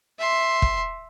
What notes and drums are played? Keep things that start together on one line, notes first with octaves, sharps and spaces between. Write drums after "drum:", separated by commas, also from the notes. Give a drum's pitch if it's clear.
E5 C6
drum: kick